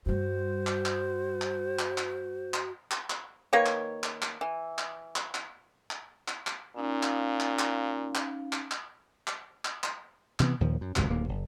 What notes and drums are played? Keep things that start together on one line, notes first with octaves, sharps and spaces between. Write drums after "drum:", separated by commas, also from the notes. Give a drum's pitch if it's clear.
G2 G3 F#4 C5
drum: clap
drum: clap
drum: clap
drum: clap
drum: clap
drum: clap
drum: clap
drum: clap
D#3 A#3 B4 C#5
drum: clap
drum: clap
drum: clap
E3
drum: clap
drum: clap
drum: clap
drum: clap
drum: clap
drum: clap
A#2 C#4 D#4 F5
drum: clap
drum: clap
drum: clap
drum: clap
drum: clap
drum: clap
drum: clap
drum: clap
drum: clap
C3 E3 A#3 B3, drum: clap
D#2 A#2 D#3 F3
F#2
G1 C#2 F#2 C3, drum: clap
D1 D#2 A#3
F#1